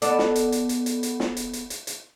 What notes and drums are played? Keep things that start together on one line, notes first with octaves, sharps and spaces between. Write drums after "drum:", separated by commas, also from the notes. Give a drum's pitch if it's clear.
B3 A4 D5, drum: hi-hat
drum: snare
drum: hi-hat
drum: hi-hat
drum: hi-hat
drum: hi-hat
drum: hi-hat
drum: snare
drum: hi-hat
drum: hi-hat
drum: hi-hat
drum: hi-hat